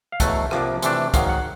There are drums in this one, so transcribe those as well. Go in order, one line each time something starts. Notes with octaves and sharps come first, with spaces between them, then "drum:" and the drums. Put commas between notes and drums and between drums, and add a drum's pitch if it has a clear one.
F5
E2 B2 F#3 A3 F#5, drum: kick, hi-hat
C3 F3 A#3 D4, drum: rim click
C3 E3 A3 D4, drum: hi-hat
G#2 D#3 F#3 F5, drum: kick, hi-hat
F#5